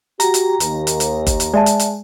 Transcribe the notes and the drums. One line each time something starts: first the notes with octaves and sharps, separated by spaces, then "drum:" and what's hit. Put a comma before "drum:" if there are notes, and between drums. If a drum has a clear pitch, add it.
F#4 G4 A#5, drum: hi-hat
drum: hi-hat
D#2, drum: hi-hat
drum: hi-hat
drum: hi-hat
drum: kick G1, hi-hat
drum: hi-hat
G#3 D5 E5 A5
drum: hi-hat
drum: hi-hat